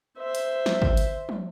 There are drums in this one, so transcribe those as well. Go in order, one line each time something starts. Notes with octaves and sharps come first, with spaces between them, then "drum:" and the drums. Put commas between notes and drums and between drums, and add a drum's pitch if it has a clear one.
C5 E5
drum: hi-hat
drum: snare
drum: kick
drum: hi-hat
drum: tom